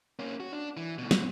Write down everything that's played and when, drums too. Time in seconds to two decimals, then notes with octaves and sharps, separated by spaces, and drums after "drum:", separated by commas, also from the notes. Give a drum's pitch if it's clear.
0.19 A#3 C#4
0.40 F#4
0.53 D4
0.77 E3
0.98 D2 B2
1.11 F2 B2, drum: snare